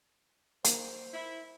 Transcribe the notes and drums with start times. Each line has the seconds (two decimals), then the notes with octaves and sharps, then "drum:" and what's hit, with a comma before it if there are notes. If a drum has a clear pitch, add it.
0.64 A#3 C5, drum: hi-hat
1.13 E4